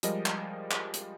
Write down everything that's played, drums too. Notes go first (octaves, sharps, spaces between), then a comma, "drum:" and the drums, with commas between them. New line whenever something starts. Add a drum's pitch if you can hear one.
F3 G3 G#3 A#4 D#5, drum: hi-hat
drum: clap
drum: clap
drum: hi-hat